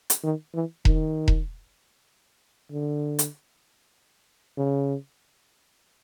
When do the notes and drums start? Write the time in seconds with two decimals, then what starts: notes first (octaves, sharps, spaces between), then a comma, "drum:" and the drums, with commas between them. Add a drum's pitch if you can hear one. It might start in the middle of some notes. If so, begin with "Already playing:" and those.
0.10 drum: hi-hat
0.24 D#3
0.54 E3
0.85 D#3, drum: kick E1
1.28 drum: kick E1
2.72 D3
3.19 drum: hi-hat
4.58 C#3